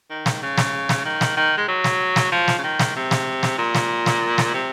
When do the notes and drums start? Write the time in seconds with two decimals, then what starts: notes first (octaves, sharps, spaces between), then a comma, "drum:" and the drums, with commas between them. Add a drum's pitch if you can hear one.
0.10 D#3
0.26 drum: snare
0.42 C#3
0.58 drum: snare
0.89 drum: snare
1.05 D#3
1.21 drum: snare
1.37 D#3
1.57 G#3
1.68 F#3
1.84 drum: snare
2.16 drum: snare
2.32 F3
2.48 drum: snare
2.58 C#3
2.63 D#3
2.79 drum: snare
2.96 C3
3.11 drum: snare
3.43 drum: snare
3.58 A#2
3.75 drum: snare
4.06 drum: snare
4.38 drum: snare
4.54 C3